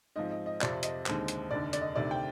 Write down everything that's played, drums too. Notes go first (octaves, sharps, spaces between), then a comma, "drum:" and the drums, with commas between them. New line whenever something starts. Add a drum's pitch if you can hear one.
G#2 F3 C4 D#5
D#5
D#5
F2 C3 F3 C4 D5, drum: clap
D#5, drum: hi-hat
D#2 D3 G#3 C4, drum: clap
drum: hi-hat
F1 D#2 D3 D5
D5, drum: hi-hat
D#5
D2 C3 D#3 D5
G5